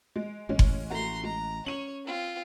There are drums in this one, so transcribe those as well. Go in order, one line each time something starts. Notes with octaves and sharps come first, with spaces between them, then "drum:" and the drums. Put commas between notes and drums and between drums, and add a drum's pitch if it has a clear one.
G#3
A1 G#3 C#4
drum: kick F#1
A3 F#4 A#5 C6
G#3 A#5
C#4 C#5 D#7 F#7
C4 F4